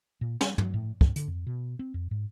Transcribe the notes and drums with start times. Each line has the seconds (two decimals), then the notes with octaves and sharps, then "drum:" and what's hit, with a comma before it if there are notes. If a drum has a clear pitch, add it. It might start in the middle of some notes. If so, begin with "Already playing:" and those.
0.21 A#2
0.41 G3, drum: snare
0.58 F#3, drum: tom
0.74 A2
1.01 G2, drum: kick
1.16 D3, drum: hi-hat
1.28 F2
1.47 B2
1.79 C4
1.94 F2
2.11 G#2